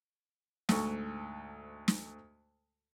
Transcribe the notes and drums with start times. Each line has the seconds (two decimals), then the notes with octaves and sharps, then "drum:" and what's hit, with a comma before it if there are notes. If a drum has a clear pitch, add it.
0.69 D2 G#2 A4 C#6, drum: snare
1.88 drum: snare